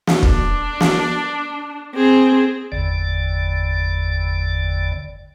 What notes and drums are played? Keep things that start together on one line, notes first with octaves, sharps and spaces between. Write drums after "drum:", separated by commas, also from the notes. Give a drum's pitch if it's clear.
drum: snare
D4, drum: kick
drum: snare
C4 G#4
G1 E2 D3 D5